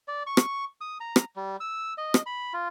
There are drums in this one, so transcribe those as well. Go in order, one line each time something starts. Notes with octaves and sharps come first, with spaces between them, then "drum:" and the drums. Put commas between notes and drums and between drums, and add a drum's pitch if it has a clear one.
D5
C#6
drum: rim click
D#6
A#5
drum: rim click
G3
E6
D#5
drum: rim click
B5
F4